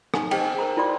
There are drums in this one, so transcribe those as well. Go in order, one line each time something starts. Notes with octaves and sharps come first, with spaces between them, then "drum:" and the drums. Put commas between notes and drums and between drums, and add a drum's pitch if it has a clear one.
D#4 G#5 C#6, drum: rim click
G#4 C5 D#5 G5, drum: cymbal
A#4 C5 A#5
E4 F4 D5 C6 D6